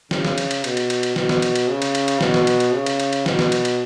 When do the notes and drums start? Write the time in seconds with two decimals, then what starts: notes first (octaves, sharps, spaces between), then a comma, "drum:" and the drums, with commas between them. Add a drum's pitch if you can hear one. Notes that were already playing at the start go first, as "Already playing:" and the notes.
0.11 C#3, drum: snare
0.25 drum: snare
0.38 drum: cymbal
0.51 drum: cymbal
0.64 B2, drum: cymbal
0.77 drum: cymbal
0.90 drum: cymbal
1.03 drum: cymbal
1.16 B2, drum: snare
1.29 drum: snare
1.42 drum: cymbal
1.56 drum: cymbal
1.68 C#3
1.82 drum: cymbal
1.95 drum: cymbal
2.08 drum: cymbal
2.21 B2, drum: snare
2.34 drum: snare
2.47 drum: cymbal
2.60 drum: cymbal
2.73 C#3
2.86 drum: cymbal
3.00 drum: cymbal
3.13 drum: cymbal
3.26 B2, drum: snare
3.39 drum: snare
3.52 drum: cymbal
3.65 drum: cymbal